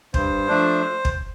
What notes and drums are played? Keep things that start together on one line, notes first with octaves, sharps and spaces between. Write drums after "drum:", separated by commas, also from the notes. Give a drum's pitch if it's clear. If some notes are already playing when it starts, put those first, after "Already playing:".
G2 C5, drum: kick
F3 A3 D4
drum: kick